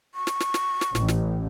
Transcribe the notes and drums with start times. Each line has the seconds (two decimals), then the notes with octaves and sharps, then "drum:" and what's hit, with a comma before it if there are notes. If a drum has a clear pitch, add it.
0.15 C#6
0.27 drum: snare
0.40 drum: snare
0.54 drum: snare
0.81 drum: snare
0.95 A1, drum: snare
1.08 drum: snare